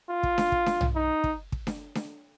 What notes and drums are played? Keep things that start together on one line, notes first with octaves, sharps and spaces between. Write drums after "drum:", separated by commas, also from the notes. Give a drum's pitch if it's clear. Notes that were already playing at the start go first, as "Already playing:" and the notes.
F4
drum: kick
drum: snare D4
drum: kick
drum: snare D4
drum: tom
D#4
drum: kick
drum: kick
drum: snare D4
drum: snare D4